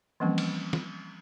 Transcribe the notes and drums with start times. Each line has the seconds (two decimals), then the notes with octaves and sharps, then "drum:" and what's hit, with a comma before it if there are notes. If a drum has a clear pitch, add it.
0.20 E3 F3 G3 A#3 C4 C#4
0.38 drum: cymbal
0.73 drum: snare